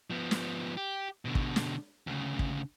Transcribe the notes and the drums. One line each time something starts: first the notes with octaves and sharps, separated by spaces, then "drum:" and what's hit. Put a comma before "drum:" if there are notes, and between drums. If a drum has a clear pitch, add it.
F3 B3
drum: snare
G4
B2 D3
drum: kick
drum: snare
D2 C#3
drum: kick